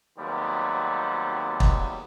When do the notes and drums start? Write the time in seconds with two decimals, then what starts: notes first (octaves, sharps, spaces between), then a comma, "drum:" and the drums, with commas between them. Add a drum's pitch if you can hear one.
0.18 G#1 D#2 F#3 G3 B3 C4
1.60 drum: kick